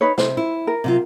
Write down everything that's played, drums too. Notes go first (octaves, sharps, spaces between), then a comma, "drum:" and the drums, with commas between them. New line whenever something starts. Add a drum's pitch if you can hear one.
D#4 B4 C#5
C3 C5, drum: snare
E4
A#4
C3 F#3 F4